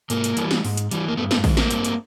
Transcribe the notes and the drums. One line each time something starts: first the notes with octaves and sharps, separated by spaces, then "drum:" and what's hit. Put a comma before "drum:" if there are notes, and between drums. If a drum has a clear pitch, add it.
G#2 A#3, drum: hi-hat
drum: hi-hat
E3 G3, drum: hi-hat
drum: snare
G#2, drum: open hi-hat
drum: hi-hat
E3 G3, drum: hi-hat
A#3
G2 A3 B3
A3 B3, drum: snare
D#3 G#3, drum: kick, open hi-hat
A#3 C4, drum: snare
G2, drum: hi-hat
drum: hi-hat